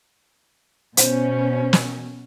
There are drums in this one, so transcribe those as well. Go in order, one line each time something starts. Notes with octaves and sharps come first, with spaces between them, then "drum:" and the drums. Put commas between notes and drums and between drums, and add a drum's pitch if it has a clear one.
B2 C#4 C5, drum: hi-hat
drum: snare